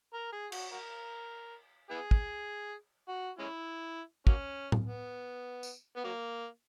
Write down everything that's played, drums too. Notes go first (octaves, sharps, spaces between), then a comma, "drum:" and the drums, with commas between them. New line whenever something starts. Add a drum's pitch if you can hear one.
A#4
G#4
F#4, drum: cymbal
F#4 A#4
B3 E4 G#4
drum: kick
F#4
G#3 C#4 E4
F#3 A#3 C#4, drum: kick
drum: tom A2
B3
drum: tambourine
B3
F#3 A#3